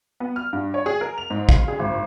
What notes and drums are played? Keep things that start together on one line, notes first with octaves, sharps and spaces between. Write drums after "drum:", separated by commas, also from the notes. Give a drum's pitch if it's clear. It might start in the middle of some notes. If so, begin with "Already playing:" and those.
B3
F6
G2
C#5
G#4
A#4
F7
G#2
F5, drum: kick
G#4
G#1